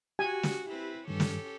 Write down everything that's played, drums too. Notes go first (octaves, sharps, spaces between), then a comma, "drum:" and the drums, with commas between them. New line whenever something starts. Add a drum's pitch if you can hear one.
F#4 G4 G#5
drum: snare
C4 E4 B4
G2 D#3 C#4 G4 A4
drum: snare